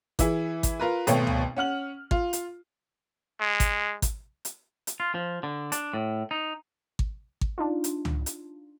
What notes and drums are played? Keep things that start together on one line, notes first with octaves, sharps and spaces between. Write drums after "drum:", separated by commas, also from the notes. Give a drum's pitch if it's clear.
E3 E4 G#4, drum: kick G#1, hi-hat
drum: kick G#1, hi-hat
F4 A#4 B4
G#1 B2 A3 C#5 G5, drum: hi-hat
drum: tom C#2
C#4 F#5 F6 F#7
F4, drum: kick G#1
drum: hi-hat
G#3
drum: kick G#1, hi-hat
drum: kick G#1, hi-hat
drum: hi-hat
drum: hi-hat
F4
F3
D3
D4, drum: hi-hat
A2
D#4
drum: kick G#1
drum: kick G#1
D4 D#4 F4
drum: hi-hat
drum: tom C#2
drum: hi-hat